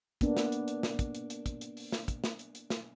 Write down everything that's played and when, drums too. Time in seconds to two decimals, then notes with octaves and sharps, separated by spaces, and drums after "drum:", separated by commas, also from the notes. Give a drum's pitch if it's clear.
0.21 A#3 B3 D4, drum: kick, hi-hat
0.37 drum: snare
0.52 drum: hi-hat
0.68 drum: hi-hat
0.83 drum: snare
0.99 drum: kick, hi-hat
1.15 drum: hi-hat
1.30 drum: hi-hat
1.46 drum: kick, hi-hat
1.61 drum: hi-hat
1.77 drum: open hi-hat
1.92 drum: snare
2.08 drum: kick, hi-hat
2.24 drum: snare
2.39 drum: hi-hat
2.55 drum: hi-hat
2.70 drum: snare